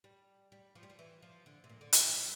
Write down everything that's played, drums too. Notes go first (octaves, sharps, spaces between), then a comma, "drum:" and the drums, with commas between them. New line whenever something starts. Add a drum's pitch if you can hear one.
G3
G3
F3
G3
F3
E3
F3
D3
C3
A#2
D3
E3, drum: hi-hat
G3